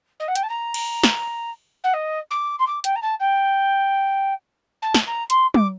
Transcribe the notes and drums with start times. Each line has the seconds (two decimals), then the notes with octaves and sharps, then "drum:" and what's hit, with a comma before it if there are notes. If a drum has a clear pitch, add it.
0.20 D#5
0.28 F#5
0.35 G5, drum: hi-hat
0.43 A5
0.49 A#5
0.74 drum: cymbal
1.04 drum: snare
1.84 F#5
1.94 D#5
2.31 D6
2.59 C6
2.67 D6
2.84 G5, drum: hi-hat
2.96 A#5
3.02 A5
3.20 G5
4.82 A5
4.94 drum: snare
5.07 A#5
5.30 C6, drum: hi-hat
5.54 D6, drum: tom